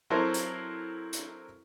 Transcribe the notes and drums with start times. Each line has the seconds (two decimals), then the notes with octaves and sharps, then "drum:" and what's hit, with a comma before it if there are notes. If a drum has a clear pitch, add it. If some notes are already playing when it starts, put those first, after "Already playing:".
0.10 F#3 C4 E4 A4 A#4 C5
0.34 drum: hi-hat
1.13 drum: hi-hat